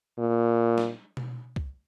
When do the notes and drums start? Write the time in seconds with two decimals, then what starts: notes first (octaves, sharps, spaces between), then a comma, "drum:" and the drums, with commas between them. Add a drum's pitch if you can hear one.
0.19 A#2
0.78 drum: snare
1.17 drum: tom B2
1.56 drum: kick C#2